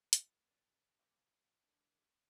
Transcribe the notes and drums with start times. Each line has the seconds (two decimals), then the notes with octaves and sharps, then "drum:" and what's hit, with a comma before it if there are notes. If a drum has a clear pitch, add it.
0.13 F#2 A2 A#3 B4, drum: hi-hat
0.51 G2 C#3 D4
0.99 A#3 C4 G4
1.34 F#5 B5
1.67 E2 D3 G#3 D4 A#4